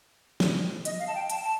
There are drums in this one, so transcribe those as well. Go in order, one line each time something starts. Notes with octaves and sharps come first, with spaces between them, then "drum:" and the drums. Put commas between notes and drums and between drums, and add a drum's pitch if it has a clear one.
drum: snare
D#5, drum: hi-hat
F5
A5
G5
A5, drum: hi-hat
A5